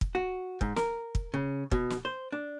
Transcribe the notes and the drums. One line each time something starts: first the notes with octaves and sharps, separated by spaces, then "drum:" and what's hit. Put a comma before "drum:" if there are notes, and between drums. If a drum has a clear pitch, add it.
drum: kick
F#4
G#2, drum: kick
A#4, drum: snare
drum: kick
C#3
B2, drum: kick
drum: snare
C5
D4